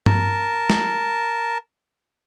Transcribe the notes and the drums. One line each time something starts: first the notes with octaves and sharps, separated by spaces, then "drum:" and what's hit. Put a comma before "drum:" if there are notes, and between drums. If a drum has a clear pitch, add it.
A#4 A5, drum: tom G2
drum: snare